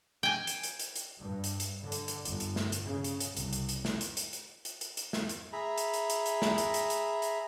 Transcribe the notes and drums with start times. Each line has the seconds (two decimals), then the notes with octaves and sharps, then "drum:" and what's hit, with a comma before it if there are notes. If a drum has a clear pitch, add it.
0.23 G5 G#5
0.47 drum: hi-hat
0.63 drum: hi-hat
0.79 drum: hi-hat
0.96 drum: hi-hat
1.19 G2
1.44 drum: hi-hat
1.60 drum: hi-hat
1.82 D3
1.92 drum: hi-hat
2.08 drum: hi-hat
2.25 G1, drum: hi-hat
2.40 drum: hi-hat
2.56 drum: snare
2.72 drum: hi-hat
2.83 C#3
3.04 drum: hi-hat
3.20 drum: hi-hat
3.37 C2, drum: hi-hat
3.53 drum: hi-hat
3.69 drum: hi-hat
3.85 drum: snare
4.01 drum: hi-hat
4.17 drum: hi-hat
4.33 drum: hi-hat
4.65 drum: hi-hat
4.81 drum: hi-hat
4.97 drum: hi-hat
5.13 drum: snare
5.29 drum: hi-hat
5.53 G#4 E5 A#5 B5
5.78 drum: hi-hat
5.94 drum: hi-hat
6.10 drum: hi-hat
6.26 drum: hi-hat
6.42 drum: snare
6.58 drum: hi-hat
6.74 drum: hi-hat
6.90 drum: hi-hat
7.22 drum: hi-hat